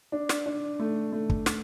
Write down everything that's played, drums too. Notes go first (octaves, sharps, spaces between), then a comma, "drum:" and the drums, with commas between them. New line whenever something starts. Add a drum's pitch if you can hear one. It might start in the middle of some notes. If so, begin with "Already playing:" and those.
D4
drum: snare
D4
A3
A3
drum: kick
drum: snare